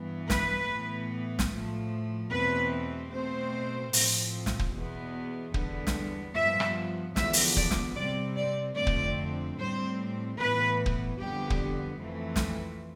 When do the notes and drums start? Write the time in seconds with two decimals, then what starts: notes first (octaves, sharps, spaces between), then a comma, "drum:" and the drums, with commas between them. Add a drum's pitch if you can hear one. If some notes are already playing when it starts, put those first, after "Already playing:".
Already playing: G2 E3 B3
0.30 B4, drum: snare
0.70 A2 E3 B3
1.39 drum: snare
1.51 A2 F3 A3
2.32 E2 B2 A3 C4 B4
3.12 B2 A3 C4 C5
3.93 A2 F3 C4, drum: open hi-hat
4.46 drum: snare
4.59 drum: kick
4.74 E2 B2 B3
5.54 E2 D3 G3 B3, drum: kick
5.87 drum: snare
6.36 G2 F3 B3 E5
6.60 drum: rim click
7.16 E2 D3 F3 B3 E5, drum: snare
7.33 drum: open hi-hat
7.57 D5, drum: kick
7.71 drum: snare
7.96 C3 G3 C4 D5
8.37 D5
8.77 F2 D3 A3 C4 D5
8.87 drum: kick
9.59 A2 G3 C4 C5
10.39 A2 E3 B3 B4
10.86 drum: kick
11.20 F2 D3 G3 B3 G4
11.50 drum: kick
12.01 F2 E3 A3 C4
12.36 drum: snare